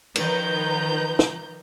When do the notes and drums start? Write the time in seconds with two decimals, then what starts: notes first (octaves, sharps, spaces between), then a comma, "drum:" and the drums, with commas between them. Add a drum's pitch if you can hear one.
0.15 D#3 F3 B4 A#5 G6, drum: cymbal
1.19 drum: snare